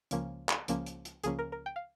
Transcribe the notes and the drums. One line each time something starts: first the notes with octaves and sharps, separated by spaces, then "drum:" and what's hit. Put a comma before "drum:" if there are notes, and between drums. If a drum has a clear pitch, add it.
C#2 C#3 F3 A#3 C#4, drum: hi-hat
drum: clap
C#2 C#3 F3 A#3 C#4, drum: hi-hat
drum: hi-hat
drum: hi-hat
C#2 C#3 F3 A#3 C#4 G#4, drum: hi-hat
A#4
A#4
G5
F5